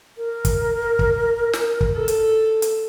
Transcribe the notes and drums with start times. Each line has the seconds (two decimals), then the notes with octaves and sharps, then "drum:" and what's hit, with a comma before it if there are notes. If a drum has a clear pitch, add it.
0.17 A#4
0.45 drum: kick, hi-hat
0.99 drum: kick
1.53 drum: snare
1.81 drum: kick
1.95 A4
2.08 drum: hi-hat
2.62 drum: hi-hat